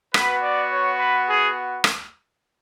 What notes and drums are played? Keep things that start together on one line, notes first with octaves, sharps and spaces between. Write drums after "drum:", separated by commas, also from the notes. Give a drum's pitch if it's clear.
B3 F#4 B4, drum: rim click
D5
C#5
B4
G#4
drum: rim click